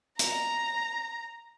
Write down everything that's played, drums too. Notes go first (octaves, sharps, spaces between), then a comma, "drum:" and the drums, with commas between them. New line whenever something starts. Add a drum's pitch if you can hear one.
A#5, drum: hi-hat